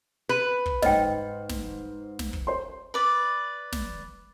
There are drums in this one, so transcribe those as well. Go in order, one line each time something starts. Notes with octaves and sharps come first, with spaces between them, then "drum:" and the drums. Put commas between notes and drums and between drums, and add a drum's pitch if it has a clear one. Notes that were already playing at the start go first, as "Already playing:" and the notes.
B4
drum: kick
G#2 C5 D#5 G5 F6, drum: snare
drum: snare
drum: snare
drum: kick
C5 C6
B4 D5
drum: snare